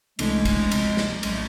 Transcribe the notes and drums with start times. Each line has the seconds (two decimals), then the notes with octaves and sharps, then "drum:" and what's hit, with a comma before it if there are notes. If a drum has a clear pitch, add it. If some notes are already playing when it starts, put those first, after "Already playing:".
0.19 C2 C3 E3 G#3 A3 D4, drum: cymbal
0.45 drum: kick, cymbal
0.71 D2 C3 F3, drum: cymbal
0.97 drum: snare
1.23 A#1 A2 F#3 G#3, drum: cymbal
1.32 A3